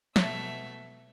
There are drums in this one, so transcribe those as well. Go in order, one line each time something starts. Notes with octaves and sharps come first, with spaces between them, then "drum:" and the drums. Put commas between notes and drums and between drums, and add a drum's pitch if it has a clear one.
B2 A3 E5, drum: snare